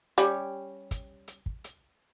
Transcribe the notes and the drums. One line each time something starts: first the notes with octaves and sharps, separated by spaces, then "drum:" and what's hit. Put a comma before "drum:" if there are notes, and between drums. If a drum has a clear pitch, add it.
G3 C#4, drum: hi-hat
drum: kick, hi-hat
drum: hi-hat
drum: kick
drum: hi-hat